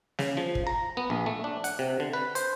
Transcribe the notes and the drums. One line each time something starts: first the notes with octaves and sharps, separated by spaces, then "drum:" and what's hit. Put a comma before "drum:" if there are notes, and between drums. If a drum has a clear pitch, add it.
C#3, drum: snare
F3
drum: kick
A#5
B3
A#1
A3
D4
F#5, drum: hi-hat
C3
D3
B4
C5, drum: hi-hat